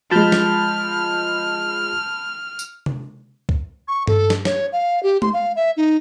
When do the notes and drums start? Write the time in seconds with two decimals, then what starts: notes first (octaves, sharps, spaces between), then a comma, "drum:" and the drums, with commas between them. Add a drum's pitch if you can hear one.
0.11 F3 G#3 A5 B5 F6 G6
0.32 drum: snare
2.59 drum: tambourine
2.86 drum: tom C3
3.49 drum: kick C2
3.88 C#6
4.07 A4, drum: tom G2
4.30 drum: snare
4.45 C#5, drum: snare
4.72 F5
5.03 G4
5.22 C6, drum: tom G#3
5.33 F5
5.56 E5
5.77 D#4